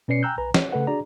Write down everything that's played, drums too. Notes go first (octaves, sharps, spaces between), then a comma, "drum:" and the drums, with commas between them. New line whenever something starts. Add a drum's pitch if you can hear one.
B2 C#4 B4 D5 C7 C#7
G5 G#5 A#5 E6 F#6 G6
B1 B4 G#5 A#5
C#5, drum: snare
C#3 A3 A4 B4 F#5
D4 F#4 G#4 D5 A#5